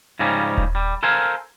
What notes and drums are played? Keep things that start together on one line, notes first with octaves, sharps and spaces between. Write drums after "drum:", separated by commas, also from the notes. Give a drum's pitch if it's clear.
G#2 C#3 F3 G3 C#4 D#4
drum: kick D#1
G3
A4 A#4 C5 F5 G#5